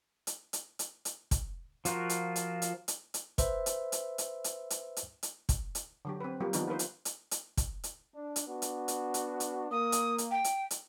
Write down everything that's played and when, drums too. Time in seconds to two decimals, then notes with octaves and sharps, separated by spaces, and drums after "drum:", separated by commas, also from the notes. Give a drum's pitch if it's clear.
0.27 drum: hi-hat
0.53 drum: hi-hat
0.79 drum: hi-hat
1.05 drum: hi-hat
1.31 drum: kick, hi-hat
1.85 F3 F4 F#4 A#4, drum: hi-hat
2.10 drum: hi-hat
2.36 drum: hi-hat
2.62 drum: hi-hat
2.88 drum: hi-hat
3.14 drum: hi-hat
3.38 B4 C5 E5, drum: kick, hi-hat
3.66 drum: hi-hat
3.92 drum: hi-hat
4.18 drum: hi-hat
4.44 drum: hi-hat
4.70 drum: hi-hat
4.97 drum: hi-hat
5.23 drum: hi-hat
5.49 drum: kick, hi-hat
5.75 drum: hi-hat
6.05 D3 F#3 G4
6.20 C4 B4
6.40 F#3 G3 A#3 F4 G4
6.53 D#3 F3 G3 B3 D4 D#4, drum: hi-hat
6.68 A#3 F4 B4 C5
6.79 drum: hi-hat
7.05 drum: hi-hat
7.31 drum: hi-hat
7.57 drum: kick, hi-hat
7.84 drum: hi-hat
8.14 D4
8.36 drum: hi-hat
8.47 B3 D4 F#4
8.62 drum: hi-hat
8.88 drum: hi-hat
9.14 drum: hi-hat
9.40 drum: hi-hat
9.71 A#3 D#6
9.92 drum: hi-hat
10.18 drum: hi-hat
10.31 G5
10.44 drum: hi-hat
10.71 drum: hi-hat